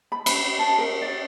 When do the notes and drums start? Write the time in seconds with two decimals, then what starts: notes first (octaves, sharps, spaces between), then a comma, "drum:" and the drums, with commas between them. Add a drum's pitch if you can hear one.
0.12 B5
0.26 B5, drum: cymbal
0.59 A5
0.78 A#4
1.02 D5